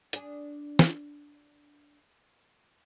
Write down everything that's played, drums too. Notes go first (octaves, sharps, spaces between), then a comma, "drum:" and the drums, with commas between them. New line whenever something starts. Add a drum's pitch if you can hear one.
D4 G#4, drum: hi-hat
drum: snare